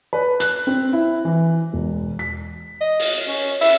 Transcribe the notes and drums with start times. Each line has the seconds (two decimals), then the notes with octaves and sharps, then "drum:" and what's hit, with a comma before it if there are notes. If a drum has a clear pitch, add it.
0.13 B4
0.40 F#6, drum: hi-hat
0.67 C4
0.93 E4
1.25 E3
1.73 E1
2.19 B6
2.81 D#5
3.00 drum: open hi-hat
3.28 C#4
3.61 E5, drum: open hi-hat